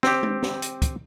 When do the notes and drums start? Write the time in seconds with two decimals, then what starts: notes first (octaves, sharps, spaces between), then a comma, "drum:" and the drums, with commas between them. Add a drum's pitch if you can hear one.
0.03 C4 G4, drum: snare
0.23 drum: tom G#3
0.42 drum: snare
0.62 drum: hi-hat
0.82 drum: kick, hi-hat